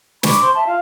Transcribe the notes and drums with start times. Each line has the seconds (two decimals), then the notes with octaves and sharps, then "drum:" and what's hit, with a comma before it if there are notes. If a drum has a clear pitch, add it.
0.23 B5 C#6 D6, drum: snare
0.41 C5 C6
0.54 E5 A5
0.66 F4 F5